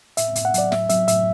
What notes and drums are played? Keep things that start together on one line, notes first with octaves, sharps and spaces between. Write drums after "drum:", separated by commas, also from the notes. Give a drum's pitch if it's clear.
A2 E5, drum: hi-hat
A2, drum: hi-hat
F#5
F#3 D5, drum: hi-hat
A2 E5, drum: snare
F#3 E5, drum: hi-hat
A2 E5, drum: hi-hat